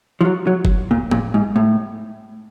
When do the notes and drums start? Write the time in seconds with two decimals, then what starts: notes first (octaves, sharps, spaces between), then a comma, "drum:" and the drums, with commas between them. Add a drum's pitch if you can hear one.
0.21 F3
0.25 F#3
0.47 F#3
0.65 drum: kick F#1
0.91 A#2
1.11 A#2, drum: tom
1.34 G#2
1.56 A2